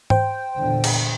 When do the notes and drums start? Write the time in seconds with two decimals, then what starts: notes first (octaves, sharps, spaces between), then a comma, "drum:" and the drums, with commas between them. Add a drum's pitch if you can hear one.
0.10 C5 G5, drum: tom G#2
0.57 E2 A#2 D3
0.84 drum: cymbal